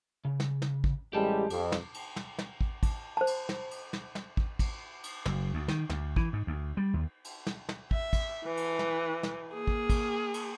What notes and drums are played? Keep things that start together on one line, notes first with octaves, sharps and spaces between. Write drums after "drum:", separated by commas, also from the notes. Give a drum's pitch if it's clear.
C#3
drum: snare
drum: snare
drum: kick
A1 G3 G#3 G4 A5
F2, drum: cymbal
drum: snare
drum: cymbal
drum: snare
drum: snare
drum: kick
drum: kick, cymbal
C5 A5
drum: cymbal
drum: snare
drum: cymbal
drum: snare
drum: snare
drum: kick
drum: kick, cymbal
drum: cymbal
F#1, drum: snare
D2
D#3, drum: snare
D2, drum: snare
E3, drum: kick
G#2
D2
G3
D#2
drum: cymbal
drum: snare
drum: snare
E5, drum: kick
drum: kick, cymbal
E3
drum: cymbal
drum: snare
drum: snare
A#3 G#4
drum: kick
drum: kick, cymbal
drum: cymbal